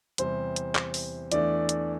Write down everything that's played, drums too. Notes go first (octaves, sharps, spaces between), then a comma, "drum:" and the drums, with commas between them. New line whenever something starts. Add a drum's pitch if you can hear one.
E2 C3 G3 C5, drum: hi-hat
drum: hi-hat
drum: clap
drum: open hi-hat
E2 E3 A3 D4 D5, drum: hi-hat
drum: hi-hat